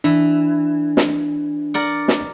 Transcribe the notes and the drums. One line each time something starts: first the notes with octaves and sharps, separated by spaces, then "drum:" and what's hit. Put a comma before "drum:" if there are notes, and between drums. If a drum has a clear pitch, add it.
E3 D4
drum: snare
A#4 D5 F#5
drum: snare